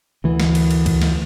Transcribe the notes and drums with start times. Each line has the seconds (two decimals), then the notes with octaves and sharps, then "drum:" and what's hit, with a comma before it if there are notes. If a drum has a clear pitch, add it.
0.24 D2 E3
0.40 drum: snare
0.55 drum: cymbal
0.71 drum: cymbal
0.86 drum: kick, cymbal
1.02 drum: snare